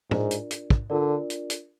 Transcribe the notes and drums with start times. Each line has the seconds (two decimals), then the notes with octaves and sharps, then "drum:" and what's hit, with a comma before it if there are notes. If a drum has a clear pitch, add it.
0.11 G#2 D4 F4 A#4 D5, drum: tom
0.31 drum: hi-hat
0.51 drum: hi-hat
0.70 drum: kick
0.90 D3 D4 F4 A#4 D5
1.30 drum: hi-hat
1.50 drum: hi-hat